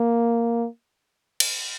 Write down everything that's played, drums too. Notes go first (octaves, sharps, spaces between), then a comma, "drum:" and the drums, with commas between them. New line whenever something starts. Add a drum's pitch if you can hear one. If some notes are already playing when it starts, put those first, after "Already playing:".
Already playing: A#3
drum: cymbal